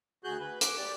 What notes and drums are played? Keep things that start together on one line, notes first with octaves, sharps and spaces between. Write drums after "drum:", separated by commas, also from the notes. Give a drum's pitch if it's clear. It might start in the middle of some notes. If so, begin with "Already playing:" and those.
D2 F#4 G#4 F#6 G6
B4
D6, drum: hi-hat
G4 D5